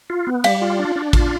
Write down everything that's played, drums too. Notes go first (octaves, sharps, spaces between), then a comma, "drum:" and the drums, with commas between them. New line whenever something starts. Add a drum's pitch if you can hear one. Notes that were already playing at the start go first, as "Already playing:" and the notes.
F4
B3
G3 F5, drum: cymbal
F4
D4
D4
F4, drum: kick A1, cymbal